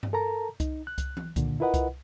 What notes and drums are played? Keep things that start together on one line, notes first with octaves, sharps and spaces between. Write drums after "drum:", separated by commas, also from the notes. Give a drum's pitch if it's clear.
drum: tom G2
A4 A#4 A5 A#5
D#4, drum: kick C2, hi-hat
F#6
drum: kick C2, hi-hat
drum: tom E3
D#2 A#2 D3, drum: kick C2, hi-hat
E4 F4 A#4 B4 D#5 F#5
drum: kick C2, hi-hat